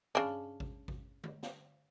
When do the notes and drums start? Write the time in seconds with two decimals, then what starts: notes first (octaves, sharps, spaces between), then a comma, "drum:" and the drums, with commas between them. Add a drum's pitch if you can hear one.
0.15 C#3 D4, drum: tom
0.60 drum: kick G#1
0.88 drum: kick G#1
1.24 drum: tom D3
1.43 drum: snare